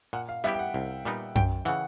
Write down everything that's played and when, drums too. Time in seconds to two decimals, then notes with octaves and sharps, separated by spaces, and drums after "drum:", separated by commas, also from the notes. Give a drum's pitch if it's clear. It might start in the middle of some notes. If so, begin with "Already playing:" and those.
0.13 A#2 F#5
0.29 F5
0.44 G3 B3 E4 G4 E5
0.54 G5
0.59 F#5
0.74 C2
1.05 A#2 G3 B3 D#4
1.35 F#2 G5, drum: tom F#2
1.65 C#3 E3 F#5